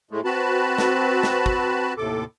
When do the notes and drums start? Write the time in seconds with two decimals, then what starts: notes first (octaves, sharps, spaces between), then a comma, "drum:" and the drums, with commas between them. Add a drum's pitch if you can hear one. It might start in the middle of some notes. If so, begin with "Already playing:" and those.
0.11 A2 G#3 A3
0.25 C4 F#4 B4 A5 B5
0.78 drum: snare
1.23 drum: snare
1.46 drum: kick
1.97 D#2 A2 C3 A4 D6